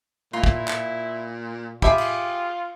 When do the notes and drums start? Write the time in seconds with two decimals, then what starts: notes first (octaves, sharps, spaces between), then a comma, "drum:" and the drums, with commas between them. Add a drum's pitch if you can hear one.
0.33 A#2 E4 F4 A#5 C6
0.44 drum: kick
0.68 drum: clap
1.82 F4 G4 G#4 E5 B5, drum: kick
1.98 drum: cymbal